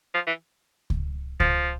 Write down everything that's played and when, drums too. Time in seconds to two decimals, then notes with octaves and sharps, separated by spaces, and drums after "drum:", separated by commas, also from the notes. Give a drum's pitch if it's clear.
0.14 F3
0.27 E3
0.90 drum: kick C#2
1.40 F3, drum: kick C#2